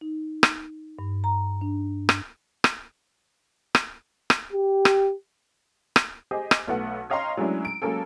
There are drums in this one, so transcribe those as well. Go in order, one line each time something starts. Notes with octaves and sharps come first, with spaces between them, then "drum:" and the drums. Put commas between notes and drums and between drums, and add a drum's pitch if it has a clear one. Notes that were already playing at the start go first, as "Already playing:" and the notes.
D#4
drum: rim click
G2
A#5
D4
drum: rim click
drum: rim click
drum: rim click
drum: rim click
G4
drum: rim click
drum: rim click
G4 G#4 C5 D#5
drum: rim click
B1 A3 B3 F#5
C#5 D#5 F5 G5 A#5 C6
F#3 G#3 A3 C#4 D4 E4
D7
F#3 G#3 A#3 C#4 A4